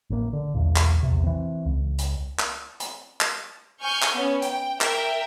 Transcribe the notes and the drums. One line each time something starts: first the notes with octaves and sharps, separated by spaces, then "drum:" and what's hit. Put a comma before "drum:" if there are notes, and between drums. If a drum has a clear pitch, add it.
A1 A#3
D3
B1 E2 A#2
drum: clap
A#1 E2 C3
E3 C4
C#2
drum: hi-hat
drum: clap
drum: hi-hat
drum: clap
G#5 C#6 F6 G6
drum: clap
B3 C#4
G5, drum: hi-hat
A#4 E5 G5, drum: clap